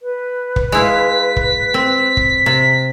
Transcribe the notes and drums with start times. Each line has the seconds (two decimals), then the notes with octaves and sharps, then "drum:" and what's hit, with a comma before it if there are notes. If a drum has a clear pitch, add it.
0.02 B4
0.56 drum: kick
0.72 G#3 E4 F5 B6
1.36 drum: kick
1.74 C4
2.17 drum: kick
2.46 C3